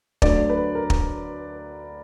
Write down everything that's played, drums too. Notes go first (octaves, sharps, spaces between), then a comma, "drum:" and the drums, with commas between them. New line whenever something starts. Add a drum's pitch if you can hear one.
D2 D3 F#3 D5, drum: kick
B4
A#4
drum: kick